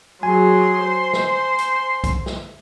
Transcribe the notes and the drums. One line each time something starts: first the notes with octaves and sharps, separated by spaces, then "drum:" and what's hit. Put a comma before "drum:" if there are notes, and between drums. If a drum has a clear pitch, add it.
F#3 G#4 G#5 C6
C5
drum: snare
drum: hi-hat
drum: kick B1, hi-hat
drum: snare